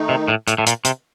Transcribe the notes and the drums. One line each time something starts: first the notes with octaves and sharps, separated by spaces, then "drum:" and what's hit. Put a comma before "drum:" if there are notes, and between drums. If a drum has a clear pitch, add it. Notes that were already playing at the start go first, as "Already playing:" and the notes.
Already playing: D#3 A3 D#4
C3
A2
A2, drum: hi-hat
A2
A#2, drum: hi-hat
C3, drum: hi-hat